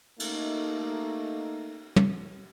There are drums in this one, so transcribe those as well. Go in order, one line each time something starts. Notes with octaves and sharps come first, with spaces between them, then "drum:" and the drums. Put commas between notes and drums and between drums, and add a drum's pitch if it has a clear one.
A3 A#3 D#4, drum: cymbal
drum: tom